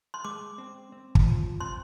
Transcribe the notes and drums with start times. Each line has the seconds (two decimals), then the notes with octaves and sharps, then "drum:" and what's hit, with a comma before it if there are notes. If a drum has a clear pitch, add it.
0.14 C6
0.25 G#3 D6
0.58 C4
0.92 C4
1.15 drum: kick
1.26 F3
1.60 C4 C6